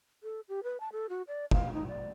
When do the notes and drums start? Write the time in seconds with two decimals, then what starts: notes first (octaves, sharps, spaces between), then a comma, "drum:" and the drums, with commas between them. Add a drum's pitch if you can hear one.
0.23 A4
0.48 G4
0.63 B4
0.80 A5
0.92 A4
1.09 F#4
1.28 D5
1.51 F5, drum: kick
1.74 D#4
1.87 D5